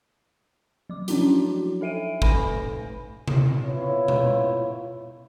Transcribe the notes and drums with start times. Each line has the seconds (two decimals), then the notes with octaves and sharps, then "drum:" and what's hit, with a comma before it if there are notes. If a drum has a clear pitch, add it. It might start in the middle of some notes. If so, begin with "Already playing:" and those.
0.89 F#3 D6
1.08 F3 F#3 C#4 D4 E4 F#4, drum: hi-hat
1.81 D#4 A4 E5 D7 D#7
2.22 A3 A4 B4 G#5 B5 A#6, drum: kick
3.28 drum: tom C3
3.65 B3 E4 F4 C#5
4.08 drum: tom B2